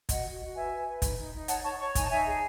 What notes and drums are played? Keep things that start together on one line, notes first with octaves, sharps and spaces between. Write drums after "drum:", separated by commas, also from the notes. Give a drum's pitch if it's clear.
F#4 D#5 F#5, drum: kick, hi-hat
F#4
F#4
B4 E5 G#5
B4
B4
D#4, drum: kick, hi-hat
D#4
D#4
C#5 F#5 A5, drum: hi-hat
C#5 A5 C#6
C#5 A5 C#6
D#4 G#5, drum: kick, hi-hat
A5
D#4 E5 G#5
G#4